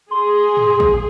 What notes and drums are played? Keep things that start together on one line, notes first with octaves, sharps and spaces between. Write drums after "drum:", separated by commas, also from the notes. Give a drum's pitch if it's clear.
G#4 C6
drum: tom
drum: kick